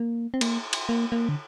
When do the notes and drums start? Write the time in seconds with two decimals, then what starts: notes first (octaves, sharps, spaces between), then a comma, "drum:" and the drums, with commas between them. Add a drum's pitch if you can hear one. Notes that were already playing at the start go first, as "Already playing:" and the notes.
Already playing: A#3
0.34 C4
0.41 A#3, drum: cymbal
0.73 drum: cymbal
0.89 A#3
1.12 A#3
1.29 D3